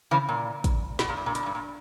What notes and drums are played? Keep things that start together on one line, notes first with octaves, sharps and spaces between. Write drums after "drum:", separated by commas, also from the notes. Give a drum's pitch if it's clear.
C#3 E3
A#2
drum: kick, hi-hat
B2, drum: snare
A#2
G2
A#2
B2, drum: hi-hat
A#2
G2
A#2